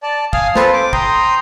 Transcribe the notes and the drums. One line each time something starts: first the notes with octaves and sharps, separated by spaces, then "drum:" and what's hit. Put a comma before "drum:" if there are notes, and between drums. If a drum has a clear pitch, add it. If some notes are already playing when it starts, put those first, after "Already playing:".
D5 A5
F5 G#5 D#6 F6, drum: kick
C4 F4 A4 B4 C5 A5, drum: snare
D6
G5 A#5 C6 D#6, drum: kick